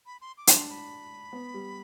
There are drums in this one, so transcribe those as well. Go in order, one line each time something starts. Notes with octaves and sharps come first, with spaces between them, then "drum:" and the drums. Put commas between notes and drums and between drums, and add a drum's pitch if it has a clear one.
B5
C6
D6
D4, drum: hi-hat
C6
B5
B3
G3